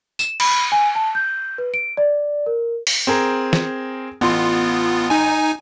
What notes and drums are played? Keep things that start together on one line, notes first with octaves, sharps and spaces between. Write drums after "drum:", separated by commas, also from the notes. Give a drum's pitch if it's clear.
E7, drum: tambourine
B5, drum: cymbal
G#5
A5
G6
B4
D7
D5
A#4
drum: open hi-hat
C4 G#4 A#4
drum: snare
A1 B3 F4 C6
D#4 G#5